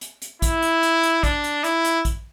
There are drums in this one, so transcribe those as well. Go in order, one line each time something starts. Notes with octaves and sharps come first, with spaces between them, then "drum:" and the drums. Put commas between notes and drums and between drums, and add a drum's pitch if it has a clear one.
drum: hi-hat
drum: hi-hat
E4, drum: kick, hi-hat
drum: hi-hat
drum: hi-hat
drum: hi-hat
D4, drum: kick, hi-hat
drum: hi-hat
E4, drum: hi-hat
drum: hi-hat
drum: kick, hi-hat